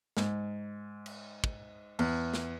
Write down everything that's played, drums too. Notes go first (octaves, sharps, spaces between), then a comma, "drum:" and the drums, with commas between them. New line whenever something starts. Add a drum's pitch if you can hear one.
G#2, drum: snare
drum: cymbal
drum: kick
E2, drum: cymbal
drum: snare